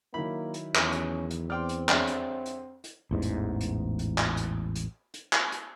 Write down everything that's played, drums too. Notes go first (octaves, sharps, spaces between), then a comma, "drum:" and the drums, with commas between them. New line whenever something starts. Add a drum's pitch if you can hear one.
D#3 F#3 A#3 E4 B5
drum: hi-hat
E2 C#4, drum: clap
drum: hi-hat
drum: hi-hat
C4 D5 G5 C6 D6 F6
drum: hi-hat
F2 D3 G#3 C#5 D5 E5, drum: clap
drum: hi-hat
drum: hi-hat
drum: hi-hat
A1 E2 G#2
drum: hi-hat
drum: hi-hat
drum: hi-hat
drum: clap
drum: hi-hat
drum: hi-hat
drum: hi-hat
drum: clap
drum: hi-hat